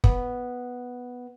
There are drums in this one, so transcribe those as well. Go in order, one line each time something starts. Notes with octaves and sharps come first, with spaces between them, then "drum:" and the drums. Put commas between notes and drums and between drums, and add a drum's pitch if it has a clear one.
B3, drum: kick